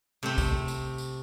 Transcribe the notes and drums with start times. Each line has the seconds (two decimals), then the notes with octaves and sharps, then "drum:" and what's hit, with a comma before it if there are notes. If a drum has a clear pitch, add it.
0.23 C3 A3 C4
0.38 drum: kick, tambourine
0.68 drum: tambourine
0.98 drum: tambourine